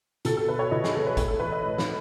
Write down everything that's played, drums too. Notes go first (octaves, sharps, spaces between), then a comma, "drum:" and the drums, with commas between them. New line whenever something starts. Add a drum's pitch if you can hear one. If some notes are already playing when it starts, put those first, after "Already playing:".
B2 A4, drum: hi-hat
A4
B4
C#5
B2 D#5
G#4, drum: snare
A4
B4
A2 C#5, drum: kick G1, hi-hat
A4
E3 B4
D#5
A2
drum: snare